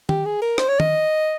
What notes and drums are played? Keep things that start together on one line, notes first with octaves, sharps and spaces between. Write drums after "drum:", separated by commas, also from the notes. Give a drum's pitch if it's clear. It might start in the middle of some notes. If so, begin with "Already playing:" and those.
G4, drum: tom D#3
G#4
A#4
C5, drum: rim click
C#5
D#5, drum: tom D#3